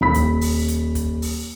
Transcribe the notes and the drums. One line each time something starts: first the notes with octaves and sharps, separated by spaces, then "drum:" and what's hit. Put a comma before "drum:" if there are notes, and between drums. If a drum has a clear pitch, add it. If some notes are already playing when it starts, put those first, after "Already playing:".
D#1 B5 B6
drum: kick, hi-hat
drum: open hi-hat
drum: hi-hat
drum: kick, hi-hat
drum: open hi-hat